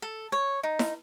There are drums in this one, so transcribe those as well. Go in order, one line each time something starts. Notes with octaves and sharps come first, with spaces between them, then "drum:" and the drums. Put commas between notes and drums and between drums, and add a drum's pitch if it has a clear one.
A4
C#5
D#4
drum: snare E4